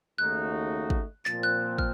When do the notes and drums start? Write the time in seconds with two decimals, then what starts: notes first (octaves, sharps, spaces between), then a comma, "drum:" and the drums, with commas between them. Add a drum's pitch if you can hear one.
0.18 D#2 C#3 A3 D#4 F#4 F#6
0.90 drum: kick
1.25 A#2 F3 C4 A6, drum: clap
1.43 F#6
1.78 F6, drum: kick